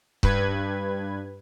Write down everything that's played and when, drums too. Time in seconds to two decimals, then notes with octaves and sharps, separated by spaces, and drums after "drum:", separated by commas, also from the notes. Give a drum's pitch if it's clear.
0.23 G2 B4 G#6, drum: kick